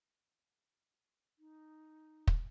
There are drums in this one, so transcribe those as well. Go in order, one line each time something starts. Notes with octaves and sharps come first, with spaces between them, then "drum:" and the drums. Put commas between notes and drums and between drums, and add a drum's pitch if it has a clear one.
D#4
drum: kick